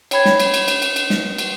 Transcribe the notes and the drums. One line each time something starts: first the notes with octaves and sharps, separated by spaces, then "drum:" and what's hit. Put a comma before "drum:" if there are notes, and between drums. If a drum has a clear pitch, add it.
C#5 G5 B5 G#6, drum: cymbal
drum: snare
drum: cymbal
drum: cymbal
drum: cymbal
drum: cymbal
drum: cymbal
drum: snare
drum: cymbal